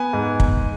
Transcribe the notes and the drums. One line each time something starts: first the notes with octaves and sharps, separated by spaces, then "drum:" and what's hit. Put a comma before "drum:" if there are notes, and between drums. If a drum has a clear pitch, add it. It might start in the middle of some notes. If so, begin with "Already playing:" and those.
Already playing: B3 G#5
G#2
drum: kick